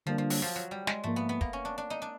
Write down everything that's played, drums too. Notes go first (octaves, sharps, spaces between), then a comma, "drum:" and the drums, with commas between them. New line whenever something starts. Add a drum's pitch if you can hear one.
D3 F3 G3 A#3 D4
F3
F#3, drum: open hi-hat
F3
F#3
G3
G#3, drum: snare
G#2 F3 A3 A#3
B3
B3
A#3, drum: kick
C#4
D4
D4
D#4
D4